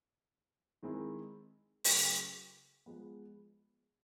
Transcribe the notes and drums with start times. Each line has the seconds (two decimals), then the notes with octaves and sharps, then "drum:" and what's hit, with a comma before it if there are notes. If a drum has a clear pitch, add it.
0.83 D#3 G#3 C4 E4 G#4
1.84 C#3 F#3 A3, drum: open hi-hat
2.86 F3 G#3 B3